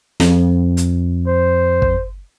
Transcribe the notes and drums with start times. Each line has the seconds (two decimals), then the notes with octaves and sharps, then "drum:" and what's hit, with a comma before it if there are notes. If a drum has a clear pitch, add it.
0.20 F2, drum: snare
0.77 drum: hi-hat
1.27 C5
1.82 drum: kick